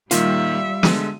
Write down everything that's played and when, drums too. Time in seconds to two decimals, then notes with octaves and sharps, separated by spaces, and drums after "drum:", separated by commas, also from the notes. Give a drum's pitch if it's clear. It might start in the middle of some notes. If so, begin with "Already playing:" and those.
0.11 A#2 D#3 G3 A#3 F4 E5, drum: hi-hat
0.83 D3 G#3 D#7, drum: snare